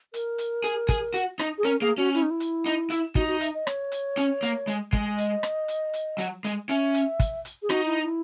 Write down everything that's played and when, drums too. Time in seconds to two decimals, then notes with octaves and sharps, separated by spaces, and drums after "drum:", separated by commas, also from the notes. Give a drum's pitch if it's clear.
0.14 A#4, drum: hi-hat
0.38 drum: hi-hat
0.64 G#4, drum: hi-hat
0.89 G#4, drum: kick, hi-hat
1.14 F#4, drum: hi-hat
1.39 D#4, drum: rim click
1.58 G#4
1.65 C#4 A#4, drum: hi-hat
1.81 A#3 G#4
1.98 C#4 F#4
2.14 E4, drum: hi-hat
2.23 D#4
2.31 E4
2.40 drum: hi-hat
2.66 D#4, drum: hi-hat
2.90 E4, drum: hi-hat
3.15 D#4 F#4, drum: kick
3.28 F#4
3.40 E5, drum: hi-hat
3.54 D#5
3.67 C#5, drum: rim click
3.92 drum: hi-hat
4.17 C#4, drum: hi-hat
4.43 A#3, drum: hi-hat
4.67 G#3, drum: hi-hat
4.93 G#3, drum: kick
5.18 D#5, drum: hi-hat
5.43 drum: rim click
5.68 drum: hi-hat
5.93 drum: hi-hat
6.18 F#3, drum: hi-hat
6.44 G#3, drum: hi-hat
6.69 C#4 E5, drum: hi-hat
6.94 drum: hi-hat
7.20 drum: kick, hi-hat
7.45 drum: hi-hat
7.62 G#4
7.70 D#4 F#4, drum: rim click
7.87 E4
8.03 E4